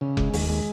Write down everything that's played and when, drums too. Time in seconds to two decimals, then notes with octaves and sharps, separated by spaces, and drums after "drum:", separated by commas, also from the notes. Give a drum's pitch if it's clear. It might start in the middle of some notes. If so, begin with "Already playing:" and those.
0.01 C#3
0.17 G#3, drum: kick F1
0.33 D#2, drum: open hi-hat
0.49 G#3